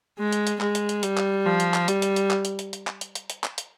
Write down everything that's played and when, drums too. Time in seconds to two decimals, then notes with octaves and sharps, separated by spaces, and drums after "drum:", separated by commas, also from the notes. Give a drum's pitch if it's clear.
0.18 G#3
0.33 drum: hi-hat
0.47 drum: hi-hat
0.61 G#3, drum: clap
0.75 drum: hi-hat
0.89 drum: hi-hat
1.03 G3, drum: hi-hat
1.17 drum: clap
1.46 F3
1.60 drum: hi-hat
1.74 drum: clap
1.88 G3, drum: hi-hat
2.02 drum: hi-hat
2.16 drum: hi-hat
2.31 drum: clap
2.45 drum: hi-hat
2.59 drum: hi-hat
2.73 drum: hi-hat
2.87 drum: clap
3.01 drum: hi-hat
3.15 drum: hi-hat
3.30 drum: hi-hat
3.44 drum: clap
3.58 drum: hi-hat